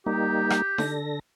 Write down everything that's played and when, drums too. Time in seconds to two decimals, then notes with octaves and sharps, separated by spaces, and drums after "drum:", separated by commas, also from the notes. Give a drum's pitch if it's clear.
0.06 G3 A#3 D#4 G4
0.50 drum: rim click
0.78 D3 A4 A#6, drum: snare D#4